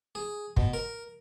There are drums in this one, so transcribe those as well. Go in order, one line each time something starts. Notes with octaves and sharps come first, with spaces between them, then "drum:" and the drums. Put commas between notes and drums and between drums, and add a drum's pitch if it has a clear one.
G#4
B2, drum: kick
A#4